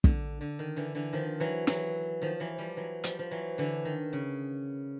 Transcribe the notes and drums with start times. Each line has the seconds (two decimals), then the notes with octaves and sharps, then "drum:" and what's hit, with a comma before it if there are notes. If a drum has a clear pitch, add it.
0.04 D3, drum: kick
0.41 D3
0.59 D#3
0.76 D3 E3
0.95 D3 E3
1.13 D#3 F3
1.40 E3 F#3
1.67 E3 F#3, drum: snare
2.22 D#3 F3
2.40 E3 F#3
2.58 F3 G3
2.77 E3 F#3
3.04 F3 G3, drum: hi-hat
3.19 F3
3.31 E3 F#3
3.58 D3 E3
3.85 D#3
4.13 C#3